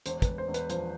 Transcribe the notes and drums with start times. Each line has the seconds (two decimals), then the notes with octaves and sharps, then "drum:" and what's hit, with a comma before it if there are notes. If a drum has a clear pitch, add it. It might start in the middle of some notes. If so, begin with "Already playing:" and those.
0.06 E1 C5, drum: hi-hat
0.22 B4, drum: kick, hi-hat
0.27 E1
0.38 C5
0.48 E1
0.54 B4, drum: hi-hat
0.70 F3 C5, drum: hi-hat